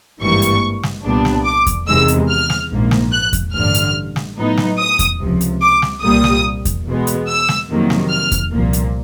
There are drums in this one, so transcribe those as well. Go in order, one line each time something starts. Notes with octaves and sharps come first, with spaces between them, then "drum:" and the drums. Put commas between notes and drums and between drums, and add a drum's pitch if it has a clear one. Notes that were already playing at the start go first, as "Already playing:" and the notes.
G#1 G2 E3 G3 A#3 C#6
drum: hi-hat
drum: snare
C2 A#2 G3 B3 D4
drum: snare
D6
drum: kick E2, hi-hat
E2 C3 D#3 G#3 E6
drum: hi-hat
F6
drum: snare
A#1 G#2 F3 A#3
drum: snare
F#6
drum: kick E2, hi-hat
A1 G2 D3 F6
drum: hi-hat
drum: snare
A2 F#3 B3 D#4
drum: snare
D#6
drum: kick E2, hi-hat
C#2 C3 F3
drum: hi-hat
D6
drum: snare
C2 A#2 G3 A#3 D#6
drum: snare
drum: kick E2, hi-hat
E2 B2 G#3 B3
drum: hi-hat
E6
drum: snare
F2 C3 D#3 F#3 A#3
drum: snare
F6
drum: kick E2, hi-hat
C2 A#2 F3 A#3
drum: hi-hat